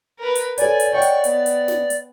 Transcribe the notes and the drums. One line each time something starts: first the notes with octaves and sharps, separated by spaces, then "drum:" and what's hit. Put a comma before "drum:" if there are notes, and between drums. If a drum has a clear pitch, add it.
A#4 B4
drum: hi-hat
A4 B4 C#5 D5 G#5, drum: hi-hat
drum: hi-hat
C#5 D#5 F#5 G5 C#6
drum: hi-hat
B3, drum: hi-hat
drum: hi-hat
drum: snare
drum: hi-hat